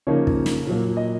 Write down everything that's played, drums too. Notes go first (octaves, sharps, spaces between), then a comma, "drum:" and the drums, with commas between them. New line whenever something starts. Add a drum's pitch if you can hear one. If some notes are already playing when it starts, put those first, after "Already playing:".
C#3 F3 A#3 D#4 C#5
drum: kick
drum: snare
A#2 F#3 A#3
D#5